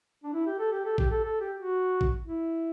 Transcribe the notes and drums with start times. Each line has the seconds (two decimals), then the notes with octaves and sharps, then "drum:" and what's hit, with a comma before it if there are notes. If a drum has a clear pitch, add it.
0.24 D4
0.34 E4
0.46 G4
0.59 A4
0.72 G4
0.85 A4
0.98 G4, drum: kick A1
1.11 A4
1.24 A4
1.41 G4
1.58 F#4
2.01 drum: kick A1
2.27 E4